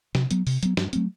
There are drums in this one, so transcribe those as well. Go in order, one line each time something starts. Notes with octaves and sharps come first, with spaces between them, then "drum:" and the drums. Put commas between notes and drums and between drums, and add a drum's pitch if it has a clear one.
C3, drum: snare
F#3 B3, drum: hi-hat
C3, drum: open hi-hat
F#3 B3, drum: hi-hat
G2, drum: snare
F#3 A3 C4, drum: hi-hat